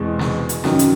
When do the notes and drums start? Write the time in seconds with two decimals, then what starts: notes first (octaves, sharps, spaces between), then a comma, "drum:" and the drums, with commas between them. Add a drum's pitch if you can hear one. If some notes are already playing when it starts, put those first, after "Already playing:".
Already playing: E2 B2 G#3 C4
0.19 drum: snare
0.49 drum: hi-hat
0.64 F#2 D#3 F#3, drum: snare
0.79 drum: hi-hat